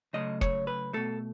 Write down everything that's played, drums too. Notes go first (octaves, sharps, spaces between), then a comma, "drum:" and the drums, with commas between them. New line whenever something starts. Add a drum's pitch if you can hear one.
C#3 F#3 A3 D#5
C#5, drum: kick
B4
B2 A3 A4